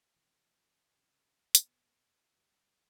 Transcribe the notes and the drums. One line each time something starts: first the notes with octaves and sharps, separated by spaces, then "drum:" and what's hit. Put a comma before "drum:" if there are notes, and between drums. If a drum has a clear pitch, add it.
C3 E3 F3 A3
G2 C#3
B2 B3, drum: hi-hat
D2 G2